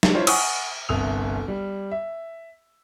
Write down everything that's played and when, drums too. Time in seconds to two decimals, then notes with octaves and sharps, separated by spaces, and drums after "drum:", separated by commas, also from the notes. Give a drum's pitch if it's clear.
0.03 drum: snare
0.14 E4 F4 C5 C#5
0.27 F#5 G#5 C#6 D#6, drum: cymbal
0.89 G1 C2 E5 D#6 F7
1.48 G3
1.91 E5